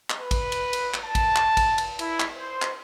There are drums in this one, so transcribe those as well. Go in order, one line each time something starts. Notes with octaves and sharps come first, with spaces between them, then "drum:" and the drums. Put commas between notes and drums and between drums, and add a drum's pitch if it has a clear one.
drum: clap
B4
drum: kick A1, cymbal
drum: cymbal
drum: cymbal
drum: clap
A5
drum: kick A1, cymbal
drum: clap
drum: kick A1, cymbal
drum: cymbal
E4, drum: cymbal
drum: clap
C5
drum: clap